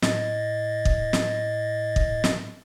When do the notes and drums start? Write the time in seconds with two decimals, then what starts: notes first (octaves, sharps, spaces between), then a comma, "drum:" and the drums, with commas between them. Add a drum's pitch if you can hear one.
0.02 A2 D#5 A6, drum: snare
0.85 drum: kick
1.13 drum: snare
1.96 drum: kick
2.24 drum: snare